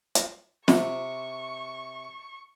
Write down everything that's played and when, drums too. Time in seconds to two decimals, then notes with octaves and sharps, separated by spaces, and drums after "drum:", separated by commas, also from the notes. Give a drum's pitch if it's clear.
0.15 drum: hi-hat
0.68 C3 C#6, drum: snare